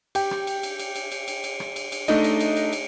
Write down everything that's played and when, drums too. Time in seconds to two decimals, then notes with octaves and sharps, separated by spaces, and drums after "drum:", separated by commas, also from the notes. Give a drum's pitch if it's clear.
0.15 G4 G5, drum: cymbal
0.31 drum: rim click
0.47 drum: cymbal
0.63 drum: cymbal
0.79 drum: cymbal
0.96 drum: cymbal
1.12 drum: cymbal
1.28 drum: cymbal
1.44 drum: cymbal
1.60 drum: rim click
1.76 drum: cymbal
1.92 drum: cymbal
2.08 A3 D4 D#4 D#5, drum: cymbal
2.24 drum: cymbal
2.40 drum: cymbal
2.57 drum: cymbal
2.73 drum: cymbal